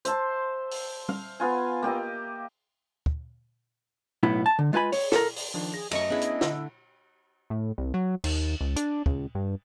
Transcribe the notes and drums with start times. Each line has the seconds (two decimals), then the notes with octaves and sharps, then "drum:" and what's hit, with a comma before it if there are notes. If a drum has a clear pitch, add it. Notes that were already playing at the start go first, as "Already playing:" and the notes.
0.05 C5 E5 A5 C6, drum: hi-hat
0.71 drum: open hi-hat
1.09 F5, drum: tom
1.40 B3 F4 G#5
1.83 A#3 G4 D#5 E5
3.06 drum: kick
4.23 B1 A2 B3 E4
4.46 A5
4.59 D3
4.73 G#3 F4 B4 G#5 B5
4.92 C#5, drum: open hi-hat
5.12 A4 A#4, drum: snare
5.36 drum: open hi-hat
5.54 D#3 F3 D4
5.74 G#4 A#6
5.91 F#2 A3 D#5 A#5 C#6, drum: cymbal
6.10 B3 C#4 D4 E4 G#4
6.21 drum: hi-hat
6.41 D3 B5 E6, drum: snare
7.50 A2
7.78 C2
7.94 F#3
8.24 D#2, drum: cymbal
8.61 C#2
8.76 D4, drum: hi-hat
9.06 C#2, drum: kick
9.35 G2